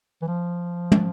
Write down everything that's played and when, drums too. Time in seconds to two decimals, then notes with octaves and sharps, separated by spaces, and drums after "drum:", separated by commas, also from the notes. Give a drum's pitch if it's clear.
0.22 E3
0.28 F3
0.92 drum: tom